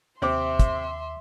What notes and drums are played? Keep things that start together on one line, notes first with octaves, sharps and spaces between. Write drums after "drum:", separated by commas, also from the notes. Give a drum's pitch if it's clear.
D#2 C3 C4 E5 C6 D6
drum: kick, hi-hat